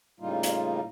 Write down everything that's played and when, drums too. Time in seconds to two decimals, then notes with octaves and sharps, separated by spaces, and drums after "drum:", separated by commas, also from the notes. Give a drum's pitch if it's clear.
0.20 A2 C#3 G3 A#3 D#4 F4
0.43 drum: hi-hat